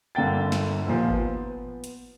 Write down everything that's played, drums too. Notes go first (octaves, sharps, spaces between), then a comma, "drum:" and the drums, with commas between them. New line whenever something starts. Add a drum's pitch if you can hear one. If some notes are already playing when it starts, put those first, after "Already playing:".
G1 D3 A#3 G5 A6
drum: snare
D#2 A#2 F3
B3, drum: kick G1
drum: hi-hat